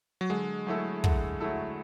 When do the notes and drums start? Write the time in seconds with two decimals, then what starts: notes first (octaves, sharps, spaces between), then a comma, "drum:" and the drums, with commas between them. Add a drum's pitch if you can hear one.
0.21 F#3
0.30 D3 G#3
0.67 F#3 A3 E4 A4
1.04 D3, drum: kick
1.40 F#3 A3 E4 A4